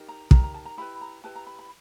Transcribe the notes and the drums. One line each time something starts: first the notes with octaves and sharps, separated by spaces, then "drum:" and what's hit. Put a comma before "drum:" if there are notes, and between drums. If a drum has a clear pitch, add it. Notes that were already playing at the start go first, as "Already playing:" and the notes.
Already playing: D#4 G4 A#4
A#5
D#4 G4 A#4 A#5, drum: kick
A#5
A5
A#5
E4 G4 B4 B5
A#5
E4 G4 B4 A5
A#5
B5
B5